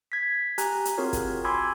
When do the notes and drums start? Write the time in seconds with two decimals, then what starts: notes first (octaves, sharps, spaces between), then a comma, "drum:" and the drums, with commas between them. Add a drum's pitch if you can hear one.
0.12 G#6 B6
0.58 G4 G#5 A#5 F#6, drum: hi-hat
0.85 drum: hi-hat
0.98 C4 F4 F#4 G#4 A#4 C#5
1.13 drum: kick, hi-hat
1.44 G#5 B5 C6 D6 E6 G#6